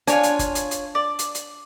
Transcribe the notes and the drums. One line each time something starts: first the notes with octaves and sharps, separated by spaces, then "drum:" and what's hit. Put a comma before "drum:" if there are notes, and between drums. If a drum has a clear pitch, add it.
D4 F4 C#5 G#5, drum: hi-hat
drum: hi-hat
drum: kick, hi-hat
drum: hi-hat
drum: hi-hat
D5
drum: hi-hat
drum: hi-hat